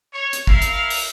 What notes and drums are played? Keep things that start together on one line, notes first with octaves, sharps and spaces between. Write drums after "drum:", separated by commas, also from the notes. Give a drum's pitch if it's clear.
C#5
drum: hi-hat
E4 A#4 F5, drum: kick
drum: hi-hat
drum: open hi-hat